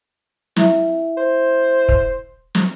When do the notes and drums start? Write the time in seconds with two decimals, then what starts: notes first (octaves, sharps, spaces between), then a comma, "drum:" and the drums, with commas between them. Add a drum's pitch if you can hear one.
0.56 E4 E5, drum: snare
1.17 C5
1.89 drum: kick
2.55 drum: snare